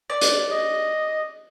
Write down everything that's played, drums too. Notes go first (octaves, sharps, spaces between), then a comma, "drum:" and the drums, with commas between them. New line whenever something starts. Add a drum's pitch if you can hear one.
D5
drum: hi-hat
D#5